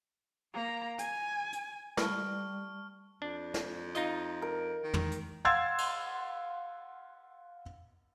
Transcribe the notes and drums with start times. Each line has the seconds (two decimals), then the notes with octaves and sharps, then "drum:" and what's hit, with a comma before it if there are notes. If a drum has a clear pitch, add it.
0.54 A#3 A#5
0.99 G#5, drum: hi-hat
1.52 drum: hi-hat
1.97 G3 A3 B4 A5 C#6 F6, drum: snare
3.22 F2 D4
3.54 drum: snare
3.95 D#4 F4 D#5, drum: hi-hat
4.42 A#4
4.83 D#3
4.94 drum: tom
5.11 drum: hi-hat
5.45 F5 F#5 C6 E6 G#6 A6
5.78 drum: cymbal